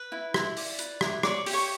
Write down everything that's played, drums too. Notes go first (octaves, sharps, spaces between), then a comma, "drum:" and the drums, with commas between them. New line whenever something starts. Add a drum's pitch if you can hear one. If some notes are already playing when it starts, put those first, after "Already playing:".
Already playing: B4
E4
E4, drum: rim click
D5, drum: open hi-hat
B4, drum: hi-hat
E4, drum: rim click
C#5 D5 D6, drum: rim click
G4, drum: open hi-hat
C#5 C#6